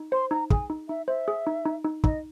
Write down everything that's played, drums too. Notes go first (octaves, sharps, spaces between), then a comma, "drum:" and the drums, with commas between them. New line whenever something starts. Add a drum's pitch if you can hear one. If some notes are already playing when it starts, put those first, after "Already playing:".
Already playing: D#4
C5 C6
D#4 A#5
G#4 G#5, drum: kick
D#4
D#4 E5
C5 E5
G#4
D#4
D#4
D#4
D#4 D#5, drum: kick